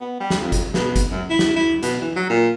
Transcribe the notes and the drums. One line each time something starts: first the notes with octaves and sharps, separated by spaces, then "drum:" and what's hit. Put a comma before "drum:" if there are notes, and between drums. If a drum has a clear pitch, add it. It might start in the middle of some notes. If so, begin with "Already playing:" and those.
B3
G3
drum: snare
F2
drum: kick, hi-hat
B2, drum: snare
drum: kick, hi-hat
F#2
E4
drum: snare
E4
B2, drum: hi-hat
E3
F#3
A#2